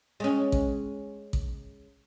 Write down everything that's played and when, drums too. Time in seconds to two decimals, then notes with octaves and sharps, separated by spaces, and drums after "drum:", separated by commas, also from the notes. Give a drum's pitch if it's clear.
0.20 G#3 C#4
0.52 drum: kick A1
1.33 drum: kick A1